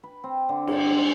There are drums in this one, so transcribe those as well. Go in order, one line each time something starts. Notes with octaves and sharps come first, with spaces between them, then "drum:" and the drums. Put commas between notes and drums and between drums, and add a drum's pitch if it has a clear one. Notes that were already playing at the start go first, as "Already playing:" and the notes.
B4
C4
D3
G2, drum: cymbal
G#3